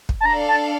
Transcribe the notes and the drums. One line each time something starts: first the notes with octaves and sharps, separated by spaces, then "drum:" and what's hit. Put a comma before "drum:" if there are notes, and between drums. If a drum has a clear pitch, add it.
drum: kick
A5
D4 A4 D5 F5 A#5
A5